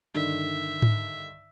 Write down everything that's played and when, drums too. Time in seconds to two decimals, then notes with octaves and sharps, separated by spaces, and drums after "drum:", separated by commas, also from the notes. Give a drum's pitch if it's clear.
0.15 G2 D3 D#3 E5
0.82 drum: tom G#2